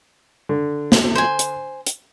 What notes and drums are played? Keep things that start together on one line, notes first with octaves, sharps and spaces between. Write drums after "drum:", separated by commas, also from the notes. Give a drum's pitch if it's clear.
D3
drum: snare
C5 G#5
drum: hi-hat
drum: hi-hat